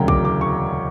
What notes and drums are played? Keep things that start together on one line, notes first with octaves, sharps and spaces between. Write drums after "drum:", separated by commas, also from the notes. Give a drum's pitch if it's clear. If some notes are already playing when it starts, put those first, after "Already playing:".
Already playing: E1 D2 C#3 F#3 G5 A#5
D6, drum: kick
D6
C#6